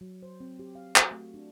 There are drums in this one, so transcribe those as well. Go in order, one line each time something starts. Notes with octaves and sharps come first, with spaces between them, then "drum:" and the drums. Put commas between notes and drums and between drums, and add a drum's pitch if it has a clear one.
F#3
C5
C4
G4
F5
F#4, drum: clap
A3
D4